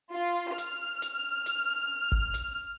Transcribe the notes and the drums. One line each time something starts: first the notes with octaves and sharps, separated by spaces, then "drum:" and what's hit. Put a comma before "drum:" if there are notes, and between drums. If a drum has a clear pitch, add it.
F4
F6, drum: hi-hat
drum: hi-hat
drum: hi-hat
drum: kick G1
drum: hi-hat